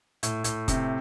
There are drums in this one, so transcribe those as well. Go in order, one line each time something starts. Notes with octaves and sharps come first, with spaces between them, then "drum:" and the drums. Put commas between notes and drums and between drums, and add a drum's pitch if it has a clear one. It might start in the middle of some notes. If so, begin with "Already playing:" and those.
A2, drum: hi-hat
A2, drum: hi-hat
C3, drum: kick F1, hi-hat